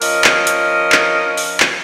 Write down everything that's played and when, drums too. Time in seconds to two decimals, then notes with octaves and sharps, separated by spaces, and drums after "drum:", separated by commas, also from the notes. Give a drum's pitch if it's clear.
0.02 F3 C#4 A#4 D#5, drum: open hi-hat
0.24 drum: clap
0.47 drum: hi-hat
0.92 drum: clap
1.37 drum: open hi-hat
1.60 drum: clap